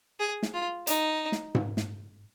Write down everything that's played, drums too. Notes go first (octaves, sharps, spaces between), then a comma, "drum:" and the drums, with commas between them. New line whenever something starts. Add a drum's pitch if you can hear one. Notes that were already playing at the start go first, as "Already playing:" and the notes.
G#4
drum: snare
F4
D#4, drum: hi-hat
drum: snare
drum: tom G#2
drum: snare